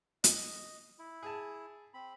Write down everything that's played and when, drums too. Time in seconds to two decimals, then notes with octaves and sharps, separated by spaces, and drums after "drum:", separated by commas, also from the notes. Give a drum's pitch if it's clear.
0.24 D#5, drum: hi-hat
0.99 E4
1.23 G#4 A5
1.94 C4 B5